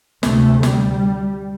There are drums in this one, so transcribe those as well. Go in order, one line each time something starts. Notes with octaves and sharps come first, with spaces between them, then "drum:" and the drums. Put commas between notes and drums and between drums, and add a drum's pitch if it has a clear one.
D2 C3 A3, drum: snare
G3, drum: snare